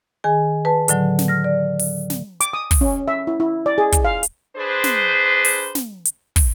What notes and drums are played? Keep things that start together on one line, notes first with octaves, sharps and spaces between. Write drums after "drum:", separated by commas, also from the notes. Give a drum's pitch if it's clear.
D#3 G#4 G#5
B4 A5
A2 D3 F#3, drum: hi-hat
drum: snare
F6 A#6
D5
drum: open hi-hat
drum: snare
D6, drum: hi-hat
D#6
drum: kick, open hi-hat
C#4
E5
E4
E4
D5
G#4
drum: kick, hi-hat
F5
drum: hi-hat
D4 G#4 B4 C5
drum: snare
drum: open hi-hat
drum: snare
drum: hi-hat
drum: kick, open hi-hat